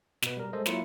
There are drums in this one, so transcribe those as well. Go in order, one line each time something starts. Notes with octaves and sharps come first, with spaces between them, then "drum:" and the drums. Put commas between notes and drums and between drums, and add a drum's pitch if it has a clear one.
B2 B4, drum: snare
G3 A#4
G#3 A4 C5 D#5
F#3 A#3 E4 F4 C#7, drum: snare